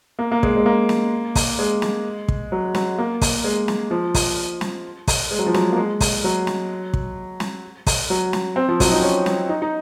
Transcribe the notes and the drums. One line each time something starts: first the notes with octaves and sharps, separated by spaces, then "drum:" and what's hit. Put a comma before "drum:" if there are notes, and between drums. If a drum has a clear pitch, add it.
A#3
A#3
G#3, drum: kick
G#3
A#3
drum: snare
drum: kick, open hi-hat
G#3
drum: snare
drum: kick
F#3
F#3, drum: snare
A#3
drum: kick, open hi-hat
G#3
drum: snare
F3
drum: kick, open hi-hat
drum: snare
drum: kick, open hi-hat
G#3
F#3
F3
F#3, drum: snare
A#3
G#3
drum: kick, open hi-hat
F#3
drum: snare
drum: kick
drum: snare
drum: kick, open hi-hat
F#3
drum: snare
C4
F3
F#3, drum: kick, open hi-hat
D#4
C#4
drum: snare
D#4
D#4